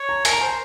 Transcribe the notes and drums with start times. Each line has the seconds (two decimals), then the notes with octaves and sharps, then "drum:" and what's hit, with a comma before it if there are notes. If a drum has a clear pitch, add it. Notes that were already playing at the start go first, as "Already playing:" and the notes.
Already playing: C#5
0.09 A#5
0.25 A#4 G#5, drum: hi-hat
0.33 A#5
0.41 C5 G#5